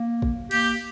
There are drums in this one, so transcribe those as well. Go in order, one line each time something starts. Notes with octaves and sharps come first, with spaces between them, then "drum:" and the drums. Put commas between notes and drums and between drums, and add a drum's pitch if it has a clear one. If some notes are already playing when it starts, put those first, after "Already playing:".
Already playing: A#3
drum: kick G#1
A#3 G4, drum: cymbal